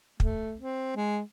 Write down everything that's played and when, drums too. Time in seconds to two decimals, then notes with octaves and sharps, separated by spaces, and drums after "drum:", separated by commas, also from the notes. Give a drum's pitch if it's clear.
0.20 A3, drum: kick
0.60 C4
0.96 G#3